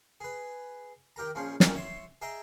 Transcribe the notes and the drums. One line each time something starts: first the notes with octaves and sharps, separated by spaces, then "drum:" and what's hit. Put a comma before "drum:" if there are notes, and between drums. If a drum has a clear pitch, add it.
G#4 B4
D#3 G4 A#4 A#5
A#1 F3 C#4 G#4
A#2 D#3 C#4, drum: snare
C#5 E5 C6
G#4 D#5 E5 G5 A#5